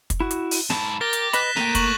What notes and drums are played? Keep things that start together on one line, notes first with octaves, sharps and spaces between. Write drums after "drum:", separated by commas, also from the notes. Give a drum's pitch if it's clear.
drum: kick, hi-hat
E4 F#4
drum: hi-hat
drum: open hi-hat
G#2 E4 A5, drum: snare
G4 A#4 A6 A#6 G7
drum: hi-hat
B4 D#5 B5 F#6 B6 E7, drum: hi-hat
A3 A#3 G5 A#5 D#7, drum: snare
C#6 F#7, drum: kick, hi-hat